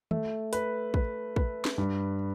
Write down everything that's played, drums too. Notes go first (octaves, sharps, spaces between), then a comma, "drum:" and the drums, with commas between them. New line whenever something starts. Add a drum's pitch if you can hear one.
A3, drum: tom D#3
B4, drum: hi-hat
B4, drum: kick
B4, drum: kick
drum: snare
G2